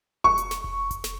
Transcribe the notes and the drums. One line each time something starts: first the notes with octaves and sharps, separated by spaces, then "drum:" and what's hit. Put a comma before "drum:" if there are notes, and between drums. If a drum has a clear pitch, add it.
C#6, drum: kick F1
drum: hi-hat
drum: snare
drum: kick F1
drum: kick F1, hi-hat
drum: snare